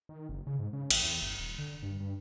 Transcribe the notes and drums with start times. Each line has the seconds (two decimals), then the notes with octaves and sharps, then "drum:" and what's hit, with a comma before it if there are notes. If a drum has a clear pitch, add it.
0.09 D#3
0.29 F#1
0.47 C#3
0.59 G#2
0.73 C#3
0.91 A1, drum: cymbal
1.04 E2
1.22 G1
1.39 D#1
1.58 D3
1.83 G2
2.00 G2